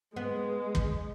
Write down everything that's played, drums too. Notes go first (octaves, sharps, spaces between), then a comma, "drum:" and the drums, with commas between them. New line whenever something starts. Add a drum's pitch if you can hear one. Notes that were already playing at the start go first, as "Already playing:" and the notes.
G#3 B3
drum: kick